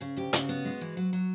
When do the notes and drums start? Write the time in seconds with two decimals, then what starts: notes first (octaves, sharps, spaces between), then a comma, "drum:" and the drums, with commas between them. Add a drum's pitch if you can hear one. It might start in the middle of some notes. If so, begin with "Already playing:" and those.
0.01 C#3 G#4
0.16 D2 G4
0.33 C#3 F#4, drum: hi-hat
0.49 B3
0.65 G#3
0.81 E3
0.97 F#3
1.13 F#3